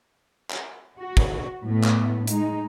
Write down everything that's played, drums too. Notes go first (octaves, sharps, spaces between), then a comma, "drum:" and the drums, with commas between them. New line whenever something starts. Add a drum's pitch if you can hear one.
drum: clap
F#4
drum: kick
A2 A3 B3
drum: clap
G#3 D#4, drum: hi-hat